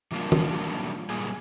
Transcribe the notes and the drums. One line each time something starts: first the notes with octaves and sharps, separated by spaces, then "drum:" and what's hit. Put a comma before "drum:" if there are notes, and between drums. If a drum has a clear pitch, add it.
E3 F#3 G3 A#3 D4 F4
drum: tom
A#2 G3 A#3 G#4 G#5